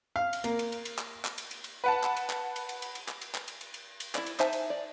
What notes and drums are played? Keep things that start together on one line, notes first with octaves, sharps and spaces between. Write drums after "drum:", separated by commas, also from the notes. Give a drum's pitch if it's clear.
F5
drum: cymbal
A#3, drum: cymbal
drum: cymbal
drum: cymbal
drum: cymbal
drum: clap
drum: clap
drum: cymbal
drum: cymbal
drum: cymbal
B4 F#5 A5
drum: clap
drum: cymbal
drum: clap
drum: cymbal
drum: cymbal
drum: cymbal
drum: cymbal
drum: clap
drum: cymbal
drum: clap
drum: cymbal
drum: cymbal
drum: cymbal
drum: cymbal
E4 D5, drum: clap
drum: cymbal
D#4 C5 E5 G#5 A5, drum: clap
drum: cymbal
D5